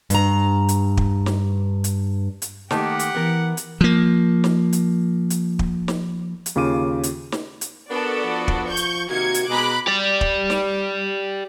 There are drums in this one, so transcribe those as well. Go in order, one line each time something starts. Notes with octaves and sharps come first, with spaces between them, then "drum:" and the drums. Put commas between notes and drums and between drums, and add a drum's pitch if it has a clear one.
G2 A#5, drum: hi-hat
drum: hi-hat
drum: kick
drum: snare
drum: hi-hat
drum: hi-hat
D#3 A3 A#3 G4 F#5, drum: snare
drum: hi-hat
E3 B3 A#4
drum: hi-hat
F3 A#3
drum: snare
drum: hi-hat
drum: hi-hat
drum: kick
drum: snare
drum: hi-hat
D#2 C#3 F4 D6 D#7
drum: hi-hat
drum: snare
drum: hi-hat
B3 D4 F#4 A4 A#4 D5
F3
drum: kick
C#6 G6
drum: hi-hat
C3 D#3 A#3 F#4 G#6 C#7
drum: hi-hat
B2 G#3 G#4 A#5 B5 D6 F#6
G4 D5
drum: kick
drum: snare